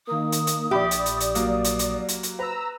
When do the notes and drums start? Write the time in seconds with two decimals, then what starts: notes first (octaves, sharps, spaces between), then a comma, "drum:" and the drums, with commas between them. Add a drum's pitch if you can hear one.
0.07 D#3 A#3 D#6
0.32 drum: hi-hat
0.47 drum: hi-hat
0.71 A#1 G4 D5 E5 B5
0.91 drum: hi-hat
1.06 drum: hi-hat
1.20 drum: hi-hat
1.35 F#3 A#3, drum: hi-hat
1.64 drum: hi-hat
1.79 drum: hi-hat
2.08 drum: hi-hat
2.23 drum: hi-hat
2.39 B4 A#5 E6